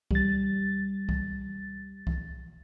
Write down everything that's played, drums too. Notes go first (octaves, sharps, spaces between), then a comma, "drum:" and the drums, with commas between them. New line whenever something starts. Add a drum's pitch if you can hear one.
G3 A6, drum: kick C2
drum: kick C2
drum: kick C2